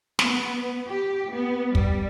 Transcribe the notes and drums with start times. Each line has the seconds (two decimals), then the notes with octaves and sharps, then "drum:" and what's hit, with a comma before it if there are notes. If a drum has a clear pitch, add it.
0.19 B3, drum: snare
0.88 G4
1.32 B3
1.75 G3, drum: kick